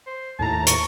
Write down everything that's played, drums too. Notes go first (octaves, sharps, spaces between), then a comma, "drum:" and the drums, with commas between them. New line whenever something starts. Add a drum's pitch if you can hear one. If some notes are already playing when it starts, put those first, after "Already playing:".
C5
D#2 A2 A5 A#5
C#6, drum: hi-hat